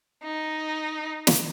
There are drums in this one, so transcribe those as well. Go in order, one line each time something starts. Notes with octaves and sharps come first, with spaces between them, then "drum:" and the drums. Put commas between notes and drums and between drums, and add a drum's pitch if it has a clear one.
D#4
drum: snare